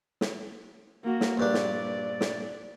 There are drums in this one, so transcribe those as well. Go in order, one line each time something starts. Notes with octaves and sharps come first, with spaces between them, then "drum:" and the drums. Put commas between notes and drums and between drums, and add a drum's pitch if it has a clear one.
drum: snare
A#3 F#4
drum: snare
A#1 G2 D4 D5
drum: snare
drum: snare